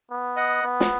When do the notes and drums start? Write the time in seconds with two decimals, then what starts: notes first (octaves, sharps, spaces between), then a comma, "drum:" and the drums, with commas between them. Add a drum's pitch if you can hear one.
0.11 B3
0.36 D#5 F#5
0.63 B3
0.80 drum: snare